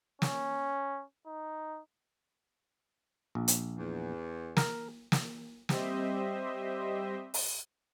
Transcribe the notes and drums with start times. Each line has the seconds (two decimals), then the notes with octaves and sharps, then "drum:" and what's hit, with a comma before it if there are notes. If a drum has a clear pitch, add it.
0.22 C#4, drum: snare
1.27 D#4
3.35 A#1
3.48 drum: hi-hat
3.77 E2
4.57 A#4, drum: snare
5.12 drum: snare
5.69 G3 C4 G4 C5 D#5 E5, drum: snare
7.34 drum: open hi-hat